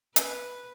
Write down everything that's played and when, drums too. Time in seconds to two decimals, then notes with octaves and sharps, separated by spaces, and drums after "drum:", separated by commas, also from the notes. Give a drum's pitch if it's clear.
0.16 B4, drum: hi-hat